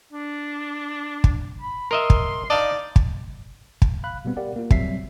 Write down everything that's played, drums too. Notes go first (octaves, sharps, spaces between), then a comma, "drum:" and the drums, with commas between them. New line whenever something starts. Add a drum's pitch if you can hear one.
D4
drum: kick
B5
A#4 D#5 E5 C6
drum: kick
D#4 D5 D#5 F5
drum: kick
drum: kick
F5 B5 F#6
B2 G3 B3 C4
G4 A#4 D5 F5 F#5
A#3 F4
F#3 G3 C4 E5 B6 C7, drum: kick